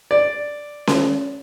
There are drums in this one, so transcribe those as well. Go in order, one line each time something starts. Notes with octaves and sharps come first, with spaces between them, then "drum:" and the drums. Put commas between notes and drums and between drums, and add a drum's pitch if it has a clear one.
D5
drum: snare C#4